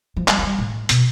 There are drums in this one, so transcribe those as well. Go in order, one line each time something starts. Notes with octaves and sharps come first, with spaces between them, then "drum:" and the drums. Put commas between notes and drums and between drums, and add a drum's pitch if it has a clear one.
F3
G3, drum: clap
F3
G3
A2
B2, drum: hi-hat